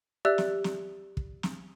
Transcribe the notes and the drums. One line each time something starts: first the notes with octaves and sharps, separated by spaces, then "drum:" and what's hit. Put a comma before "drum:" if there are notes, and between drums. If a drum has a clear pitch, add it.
G4 D5 E5 E6 F#6
drum: snare
drum: snare
drum: kick
drum: snare